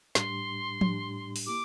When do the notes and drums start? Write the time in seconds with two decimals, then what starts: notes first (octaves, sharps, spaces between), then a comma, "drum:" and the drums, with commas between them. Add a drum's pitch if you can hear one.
0.15 A2 G3 D4 G4 C6, drum: snare
0.81 A2 G3 D4 G4, drum: tom F3
1.36 drum: open hi-hat
1.46 A#3 E4 G4 D6